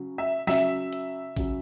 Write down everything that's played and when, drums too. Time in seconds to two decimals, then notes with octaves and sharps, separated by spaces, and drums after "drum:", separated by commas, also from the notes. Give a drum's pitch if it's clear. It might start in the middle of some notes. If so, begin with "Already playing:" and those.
Already playing: C#3 F#3
0.18 E5
0.47 C#3 F#3 E5, drum: snare
0.92 drum: hi-hat
1.36 C#3 F#3, drum: kick, open hi-hat